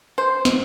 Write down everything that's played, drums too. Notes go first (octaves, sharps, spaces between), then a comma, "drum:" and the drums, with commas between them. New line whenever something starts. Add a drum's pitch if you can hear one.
C5
drum: snare